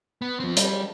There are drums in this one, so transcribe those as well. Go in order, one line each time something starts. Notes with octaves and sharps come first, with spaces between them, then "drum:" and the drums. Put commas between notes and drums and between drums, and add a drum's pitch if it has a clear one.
B3
F3 C4
G3, drum: hi-hat